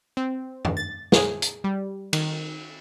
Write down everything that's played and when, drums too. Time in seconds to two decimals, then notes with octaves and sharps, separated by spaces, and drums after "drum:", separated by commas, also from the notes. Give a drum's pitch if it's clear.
0.17 C4
0.65 drum: tom
0.77 A6
1.12 G#4, drum: snare
1.42 drum: hi-hat
1.64 G3
2.13 D#3, drum: cymbal